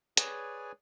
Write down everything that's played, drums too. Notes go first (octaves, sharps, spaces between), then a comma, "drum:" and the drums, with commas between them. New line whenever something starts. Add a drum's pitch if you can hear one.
G#4 B4 C#5 D5 G#5, drum: hi-hat